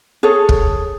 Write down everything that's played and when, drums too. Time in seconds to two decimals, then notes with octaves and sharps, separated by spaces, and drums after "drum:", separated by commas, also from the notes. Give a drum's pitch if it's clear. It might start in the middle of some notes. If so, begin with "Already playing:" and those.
0.23 G#4 A4 C#5
0.49 drum: kick